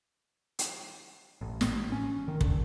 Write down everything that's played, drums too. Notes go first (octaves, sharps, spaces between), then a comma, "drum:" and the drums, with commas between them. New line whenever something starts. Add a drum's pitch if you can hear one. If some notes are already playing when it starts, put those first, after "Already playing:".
drum: hi-hat
A1
A1, drum: snare
C#4
D#3
D3, drum: kick